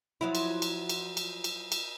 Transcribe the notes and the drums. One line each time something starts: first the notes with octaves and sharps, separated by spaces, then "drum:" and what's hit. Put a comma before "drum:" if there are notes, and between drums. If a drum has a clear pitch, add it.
F3 F#3 E4
drum: cymbal
drum: cymbal
drum: cymbal
drum: cymbal
drum: cymbal
drum: cymbal